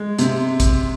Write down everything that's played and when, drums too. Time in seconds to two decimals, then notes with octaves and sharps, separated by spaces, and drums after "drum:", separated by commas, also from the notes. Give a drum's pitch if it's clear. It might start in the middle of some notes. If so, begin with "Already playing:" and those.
Already playing: G#3
0.19 C3, drum: hi-hat
0.60 drum: kick A1, hi-hat